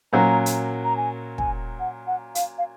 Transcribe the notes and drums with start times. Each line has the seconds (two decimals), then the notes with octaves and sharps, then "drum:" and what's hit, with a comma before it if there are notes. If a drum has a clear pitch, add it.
0.13 A#2 F#3 A#3 C#4 F#4 A#5
0.46 drum: hi-hat
0.84 A#5
0.97 G#5
1.38 G#5, drum: kick
1.80 F#5
2.07 F#5
2.35 F5, drum: hi-hat
2.58 F5